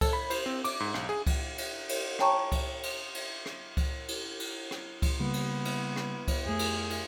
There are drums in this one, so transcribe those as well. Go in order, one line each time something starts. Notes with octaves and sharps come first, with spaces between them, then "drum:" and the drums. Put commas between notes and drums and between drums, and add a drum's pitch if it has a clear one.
A4, drum: kick C#2, cymbal
B5
C5, drum: cymbal
C4
D6, drum: cymbal
G#2
B1, drum: rim click
G#4
drum: kick C#2, cymbal
drum: cymbal
drum: cymbal
C#5 G5 A5 A#5 C#6, drum: rim click
drum: kick C#2, cymbal
drum: cymbal
drum: cymbal
drum: rim click
drum: kick C#2, cymbal
drum: cymbal
drum: cymbal
drum: rim click
drum: kick C#2, cymbal
C#3 G3 A#3 B3
drum: cymbal
drum: cymbal
drum: rim click
drum: kick C#2, cymbal
F2 A3 G#4
drum: cymbal
drum: cymbal